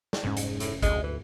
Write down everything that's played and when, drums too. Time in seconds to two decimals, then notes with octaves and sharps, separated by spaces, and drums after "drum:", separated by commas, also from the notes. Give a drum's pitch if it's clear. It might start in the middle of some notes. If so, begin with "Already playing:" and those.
0.13 drum: snare
0.24 F1 G#2 C3 C#4
0.37 drum: hi-hat
0.60 A2, drum: hi-hat
0.82 D2 G#3, drum: kick G#1, hi-hat
1.03 E3